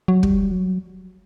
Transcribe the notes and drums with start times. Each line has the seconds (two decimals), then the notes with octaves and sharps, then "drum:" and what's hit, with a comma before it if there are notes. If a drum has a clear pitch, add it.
0.08 F#3
0.23 G3, drum: kick
0.52 F#3